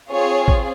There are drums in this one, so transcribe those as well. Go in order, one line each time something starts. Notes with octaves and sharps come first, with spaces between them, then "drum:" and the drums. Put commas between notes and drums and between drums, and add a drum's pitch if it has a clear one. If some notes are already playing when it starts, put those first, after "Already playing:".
C4 F4 G#4 C#5
drum: kick A1